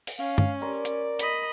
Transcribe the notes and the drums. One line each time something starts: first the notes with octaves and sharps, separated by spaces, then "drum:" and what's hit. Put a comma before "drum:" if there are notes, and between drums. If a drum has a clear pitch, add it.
drum: open hi-hat
C#4 F5
drum: tom G2
A#4 D5 C6 C#6
drum: hi-hat
D#5 B5, drum: hi-hat